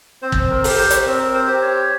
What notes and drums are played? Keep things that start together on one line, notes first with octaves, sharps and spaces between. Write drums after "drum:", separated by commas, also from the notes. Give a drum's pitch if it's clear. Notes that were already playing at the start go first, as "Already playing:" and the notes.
C4 C5
drum: kick
A#4
G4, drum: open hi-hat
C5
drum: hi-hat
C4 A#4
C5
G4
C#5